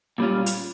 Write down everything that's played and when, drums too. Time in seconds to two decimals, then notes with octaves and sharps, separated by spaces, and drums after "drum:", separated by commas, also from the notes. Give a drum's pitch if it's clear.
0.18 A#2 G3 C#4 F4
0.46 drum: hi-hat